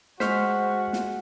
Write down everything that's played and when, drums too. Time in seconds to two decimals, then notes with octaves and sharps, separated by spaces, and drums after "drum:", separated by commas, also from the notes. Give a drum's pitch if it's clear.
0.20 G#3 F#4 C5 C#6 F6 B6, drum: snare
0.93 drum: snare